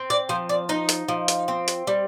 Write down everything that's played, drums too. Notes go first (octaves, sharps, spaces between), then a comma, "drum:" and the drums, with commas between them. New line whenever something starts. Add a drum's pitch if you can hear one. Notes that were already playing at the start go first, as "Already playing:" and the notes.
Already playing: C4
D5
F3 C5
D5
D#4 D#5
drum: hi-hat
F3
drum: hi-hat
C4
drum: hi-hat
G3